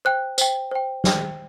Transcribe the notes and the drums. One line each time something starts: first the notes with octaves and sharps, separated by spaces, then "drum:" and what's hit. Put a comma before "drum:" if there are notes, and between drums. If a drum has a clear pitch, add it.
C5 G5 F#6
C5 G5, drum: tambourine
C5 G5
C5 G5, drum: snare